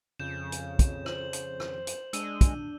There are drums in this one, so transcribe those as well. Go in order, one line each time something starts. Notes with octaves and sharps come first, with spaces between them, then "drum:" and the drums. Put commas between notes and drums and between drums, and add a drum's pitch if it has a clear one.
F2 C#3 G6 E7
drum: hi-hat
drum: kick, hi-hat
C5 F#7, drum: rim click
drum: hi-hat
drum: rim click
drum: hi-hat
G#3 D4 E6 D#7, drum: hi-hat
drum: kick, hi-hat